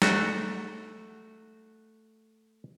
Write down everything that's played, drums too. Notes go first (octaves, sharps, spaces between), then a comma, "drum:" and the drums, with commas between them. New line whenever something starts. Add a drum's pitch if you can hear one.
A3 F#4, drum: snare G3